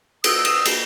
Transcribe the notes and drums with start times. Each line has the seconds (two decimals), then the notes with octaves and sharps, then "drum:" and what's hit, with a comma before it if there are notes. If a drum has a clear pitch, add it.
0.24 D#6 E6, drum: cymbal
0.45 drum: cymbal
0.65 drum: cymbal